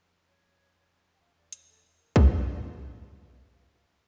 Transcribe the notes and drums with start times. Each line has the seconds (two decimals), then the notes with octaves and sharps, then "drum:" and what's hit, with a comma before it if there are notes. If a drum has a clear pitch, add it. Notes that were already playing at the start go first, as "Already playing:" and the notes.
Already playing: F2
0.26 C#5
1.15 G5
1.21 E2 F5
1.37 D5
1.52 C#5, drum: hi-hat
1.69 A4
1.84 F2
2.00 A#4
2.16 A4, drum: kick B1
2.32 A4
2.48 C#5
3.12 G2 D5
3.33 E5
3.54 F5
3.75 F5